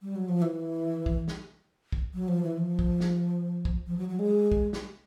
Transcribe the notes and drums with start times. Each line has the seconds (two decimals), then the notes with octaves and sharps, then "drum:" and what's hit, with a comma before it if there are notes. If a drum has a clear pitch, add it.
0.02 G3
0.16 F#3
0.29 F3
0.42 E3
1.06 drum: kick
1.28 drum: snare
1.92 drum: kick
2.14 F#3
2.28 F3
2.43 E3
2.58 F3
2.79 drum: kick
3.00 drum: snare
3.65 drum: kick
3.87 F3
3.97 F#3
4.09 F#3
4.19 G#3
4.52 drum: kick
4.73 drum: snare